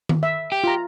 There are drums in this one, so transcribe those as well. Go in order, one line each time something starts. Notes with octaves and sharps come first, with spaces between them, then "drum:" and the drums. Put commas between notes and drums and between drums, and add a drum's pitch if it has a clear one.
drum: tom D#3
E5
G4
F4 A#5